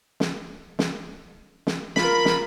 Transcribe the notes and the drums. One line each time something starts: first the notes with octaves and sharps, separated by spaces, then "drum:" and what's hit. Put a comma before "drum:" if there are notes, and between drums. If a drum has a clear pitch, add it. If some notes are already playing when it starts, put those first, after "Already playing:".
drum: snare
drum: snare
drum: snare
F4 A#4 B5, drum: snare
drum: snare